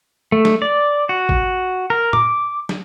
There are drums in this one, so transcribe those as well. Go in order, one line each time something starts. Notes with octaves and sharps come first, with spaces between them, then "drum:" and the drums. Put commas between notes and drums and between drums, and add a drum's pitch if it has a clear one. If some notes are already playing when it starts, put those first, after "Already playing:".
A3
drum: snare
D5
F#4
drum: kick G#1
A#4
D6, drum: tom
drum: snare